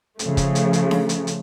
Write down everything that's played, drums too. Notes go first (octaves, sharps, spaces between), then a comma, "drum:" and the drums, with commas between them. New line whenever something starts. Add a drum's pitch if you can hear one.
C#3 F3 A3, drum: hi-hat
drum: kick, hi-hat
drum: hi-hat
drum: hi-hat
drum: snare D4
drum: hi-hat
drum: hi-hat